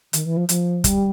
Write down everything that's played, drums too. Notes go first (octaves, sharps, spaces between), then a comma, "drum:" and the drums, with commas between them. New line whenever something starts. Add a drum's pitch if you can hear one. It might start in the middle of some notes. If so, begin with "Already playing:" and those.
D#3, drum: hi-hat
E3
F3
F3, drum: hi-hat
G3, drum: kick, hi-hat